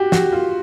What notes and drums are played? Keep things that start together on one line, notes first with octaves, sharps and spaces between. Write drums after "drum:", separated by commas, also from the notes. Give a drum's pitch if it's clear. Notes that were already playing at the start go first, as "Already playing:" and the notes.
Already playing: F#4 G4
F#4, drum: snare
F4